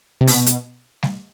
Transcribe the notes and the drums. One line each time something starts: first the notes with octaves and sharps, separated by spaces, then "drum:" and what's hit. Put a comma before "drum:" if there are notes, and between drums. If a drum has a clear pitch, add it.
C3
B2, drum: open hi-hat
drum: hi-hat
drum: snare G3